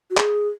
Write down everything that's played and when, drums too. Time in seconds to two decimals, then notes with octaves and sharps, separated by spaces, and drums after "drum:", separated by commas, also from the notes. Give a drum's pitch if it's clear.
0.10 F#4
0.17 G#4, drum: clap